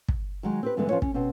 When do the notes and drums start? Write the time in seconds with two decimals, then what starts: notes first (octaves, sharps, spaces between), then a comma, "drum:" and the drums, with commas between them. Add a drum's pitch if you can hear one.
0.08 drum: kick
0.43 D#3 F#3 G#3
0.63 C4 G4 B4
0.77 G2 D3 E3 G#3 B3 D4
0.89 F3 C#4 F4 B4 C#5
1.02 C#4, drum: kick
1.14 B2 C4 C#4